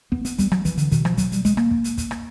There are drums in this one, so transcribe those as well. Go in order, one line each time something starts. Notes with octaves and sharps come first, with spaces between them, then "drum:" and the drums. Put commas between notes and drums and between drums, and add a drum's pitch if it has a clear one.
B3, drum: kick
B3, drum: hi-hat
G3, drum: kick, hi-hat
F#3, drum: rim click
E3, drum: kick, hi-hat
D3, drum: hi-hat
B2 D#3, drum: kick, hi-hat
F3, drum: rim click
F#3, drum: kick, hi-hat
G3, drum: hi-hat
G#3, drum: kick, hi-hat
A#3, drum: rim click
drum: kick
drum: hi-hat
drum: kick, hi-hat
drum: rim click